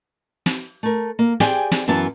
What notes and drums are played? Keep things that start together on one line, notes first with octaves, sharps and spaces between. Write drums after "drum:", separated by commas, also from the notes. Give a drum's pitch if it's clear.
drum: snare
A3 A#4
A#3
G4 G#4 C5 D5 G5 G#5, drum: snare
drum: snare
F#2 E3 B3 A5